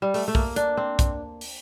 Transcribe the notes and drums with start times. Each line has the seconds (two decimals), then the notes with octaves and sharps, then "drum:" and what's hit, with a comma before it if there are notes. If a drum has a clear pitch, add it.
0.02 G3
0.14 A3, drum: open hi-hat
0.28 A3
0.35 A#3, drum: kick B1
0.56 D4, drum: hi-hat
0.77 C4
0.99 drum: kick B1, hi-hat
1.41 drum: open hi-hat